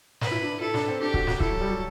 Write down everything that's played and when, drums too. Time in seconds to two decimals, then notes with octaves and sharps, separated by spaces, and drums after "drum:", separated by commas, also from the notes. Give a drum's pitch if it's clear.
0.21 B4, drum: snare
0.31 E4
0.42 D4
0.61 E4 A4
0.74 D4, drum: snare
0.88 C4
1.01 D4 G4
1.14 F#4, drum: kick C#1
1.27 F#4, drum: snare
1.40 E4 A4, drum: kick C#1
1.50 F#3
1.61 G3
1.70 F#3